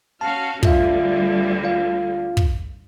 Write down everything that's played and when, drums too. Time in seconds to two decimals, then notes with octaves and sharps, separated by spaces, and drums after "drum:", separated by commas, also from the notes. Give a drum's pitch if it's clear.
0.21 C#4 F#4 F5 A5
0.63 D2 D3 G3 F4 E5 F5, drum: kick
1.64 F4 F5
2.37 drum: kick